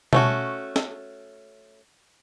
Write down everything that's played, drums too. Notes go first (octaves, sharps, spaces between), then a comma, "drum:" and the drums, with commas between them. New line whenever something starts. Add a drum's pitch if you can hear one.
A3 C#4 F#4, drum: tom B2
drum: snare